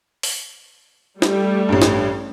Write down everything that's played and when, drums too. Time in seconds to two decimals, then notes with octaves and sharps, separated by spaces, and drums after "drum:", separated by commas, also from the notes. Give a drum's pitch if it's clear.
0.23 drum: open hi-hat
1.22 G3 A3, drum: snare
1.69 A1 G2
1.82 drum: snare